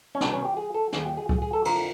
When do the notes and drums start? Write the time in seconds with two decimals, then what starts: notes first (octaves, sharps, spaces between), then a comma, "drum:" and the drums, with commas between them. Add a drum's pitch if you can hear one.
0.15 C#4
0.21 C2 B2 D4, drum: snare
0.33 C#4
0.45 G4
0.57 G#4
0.74 A4
0.93 D#2 D#3 G#4, drum: snare
1.06 G4
1.17 G#4
1.29 G#4, drum: kick C#2
1.42 G#4
1.53 A4
1.65 F2 D3 F3 A#4, drum: cymbal